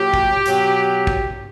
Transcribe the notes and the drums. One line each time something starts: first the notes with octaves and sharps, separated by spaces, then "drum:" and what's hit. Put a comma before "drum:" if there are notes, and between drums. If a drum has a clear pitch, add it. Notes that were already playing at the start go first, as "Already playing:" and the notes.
Already playing: A#2 F#3 G4
drum: kick
B2 F#3, drum: hi-hat
drum: kick